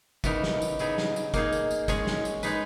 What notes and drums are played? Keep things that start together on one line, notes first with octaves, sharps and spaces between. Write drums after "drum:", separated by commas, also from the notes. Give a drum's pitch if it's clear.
C#3 E3 B3 D#4 A#4, drum: kick, tambourine
drum: snare
drum: tambourine
C#3 F#3 B3 D#4 G#4, drum: tambourine
drum: snare
drum: tambourine
A#3 D#4 G#4, drum: kick, tambourine
drum: tambourine
drum: tambourine
G#3 C#4 G#4 C#5, drum: kick, tambourine
drum: snare
drum: tambourine
G#3 D#4 G#4 B4, drum: tambourine